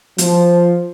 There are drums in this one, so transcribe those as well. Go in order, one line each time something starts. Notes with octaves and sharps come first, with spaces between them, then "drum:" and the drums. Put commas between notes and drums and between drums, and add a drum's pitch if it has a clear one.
F3, drum: hi-hat